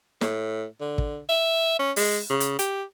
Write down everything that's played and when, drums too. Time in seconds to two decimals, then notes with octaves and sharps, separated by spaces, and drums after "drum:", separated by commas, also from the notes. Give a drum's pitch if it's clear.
0.21 A2, drum: snare
0.80 D3
0.98 drum: kick
1.29 E5
1.79 C#4
1.96 G#3, drum: open hi-hat
2.30 C#3
2.40 drum: hi-hat
2.59 G4, drum: hi-hat